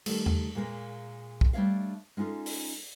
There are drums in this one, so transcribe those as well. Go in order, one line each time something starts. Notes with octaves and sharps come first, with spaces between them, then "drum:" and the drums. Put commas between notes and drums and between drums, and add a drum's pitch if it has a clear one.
D#3 G3 A3, drum: cymbal
drum: tom E2
A#2 G#3 A#3
drum: kick
G3 A3 D4 C#5 E5 F5
G#3 C#4 D#4 F4 A4
drum: open hi-hat